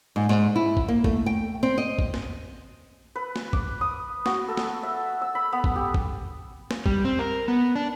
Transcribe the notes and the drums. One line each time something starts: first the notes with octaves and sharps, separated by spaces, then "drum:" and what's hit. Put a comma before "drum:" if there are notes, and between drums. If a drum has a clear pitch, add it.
G#2
G#2
E4
drum: kick
A#3
A3, drum: kick
G5
C4
D#5
drum: kick
drum: snare
B4
drum: snare
D6, drum: kick
D#6
F#4, drum: snare
A4
drum: snare
E5
E6
B5
B3
drum: kick
G4
drum: kick
drum: snare
G3, drum: kick
C4
A#4
B3
D4